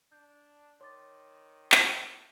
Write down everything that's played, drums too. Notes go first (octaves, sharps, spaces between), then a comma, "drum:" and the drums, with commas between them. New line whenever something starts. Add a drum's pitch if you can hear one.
D4 G6
D#3 C#5 C6 D6 A6
drum: clap